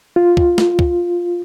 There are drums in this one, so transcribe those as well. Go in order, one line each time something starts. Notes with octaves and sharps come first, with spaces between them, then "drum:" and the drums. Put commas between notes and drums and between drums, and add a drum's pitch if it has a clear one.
F4
drum: kick
drum: snare
drum: kick